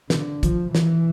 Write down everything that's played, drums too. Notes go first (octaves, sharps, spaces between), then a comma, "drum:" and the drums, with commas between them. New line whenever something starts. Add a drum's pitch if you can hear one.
D3, drum: snare
F3, drum: kick, hi-hat
E3, drum: snare